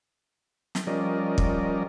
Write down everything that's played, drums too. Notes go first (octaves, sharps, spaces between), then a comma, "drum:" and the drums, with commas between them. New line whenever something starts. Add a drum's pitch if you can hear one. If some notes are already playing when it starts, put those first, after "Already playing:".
drum: snare
F3 G3 C#4 A#4 D5 D#5
drum: kick